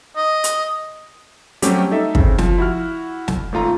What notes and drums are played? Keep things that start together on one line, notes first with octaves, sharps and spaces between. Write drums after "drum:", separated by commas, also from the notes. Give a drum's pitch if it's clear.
D#5
drum: hi-hat
F#3 G3 A3 C4 C#4 G4, drum: hi-hat
D#4 A4 E5
C#3 C4, drum: kick
F3, drum: snare
E4 F#4 F6
drum: snare
G#1 A3 F4 A#5